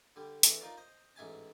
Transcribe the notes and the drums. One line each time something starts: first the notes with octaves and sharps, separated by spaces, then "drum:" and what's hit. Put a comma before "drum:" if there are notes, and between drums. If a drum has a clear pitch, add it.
D3 G3
E2 A3 D4 B4 D#5 D6, drum: hi-hat
D#4 F4 A#4 D5 F5
C5 D#5
A1 G#2 E5 G#5 A5